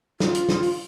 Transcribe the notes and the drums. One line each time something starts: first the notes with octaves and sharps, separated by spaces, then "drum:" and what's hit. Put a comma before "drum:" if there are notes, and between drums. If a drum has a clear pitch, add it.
F4, drum: snare
drum: hi-hat
drum: snare
drum: open hi-hat